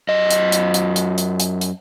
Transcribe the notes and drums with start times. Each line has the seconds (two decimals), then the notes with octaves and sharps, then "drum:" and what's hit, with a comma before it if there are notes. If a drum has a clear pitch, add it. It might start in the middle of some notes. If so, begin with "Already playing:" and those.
0.09 F#2 D#5
0.31 drum: hi-hat
0.52 drum: hi-hat
0.74 drum: hi-hat
0.96 drum: hi-hat
1.18 drum: hi-hat
1.40 drum: hi-hat
1.61 drum: hi-hat